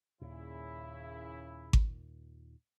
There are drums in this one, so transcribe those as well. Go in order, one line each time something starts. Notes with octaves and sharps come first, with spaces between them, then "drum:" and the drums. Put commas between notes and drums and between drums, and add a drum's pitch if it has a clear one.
D#2 A#2 C#3 E4
drum: kick G#1